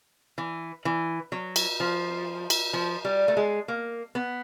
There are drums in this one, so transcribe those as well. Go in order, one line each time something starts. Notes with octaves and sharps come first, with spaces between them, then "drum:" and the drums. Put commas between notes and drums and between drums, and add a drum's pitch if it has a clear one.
E3
E3
F#3
drum: cymbal
F3
drum: cymbal
F3
G3
A3
G#3
A#3
B3